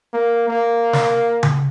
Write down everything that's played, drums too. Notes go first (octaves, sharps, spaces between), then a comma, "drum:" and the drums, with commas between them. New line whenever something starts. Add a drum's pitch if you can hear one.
A#3
A#3
drum: snare
drum: tom C#3